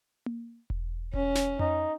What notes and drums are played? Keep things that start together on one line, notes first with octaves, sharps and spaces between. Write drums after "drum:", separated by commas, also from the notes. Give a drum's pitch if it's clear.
drum: tom A#3
drum: kick E1
C#4, drum: kick E1
drum: snare
D#4, drum: tom F2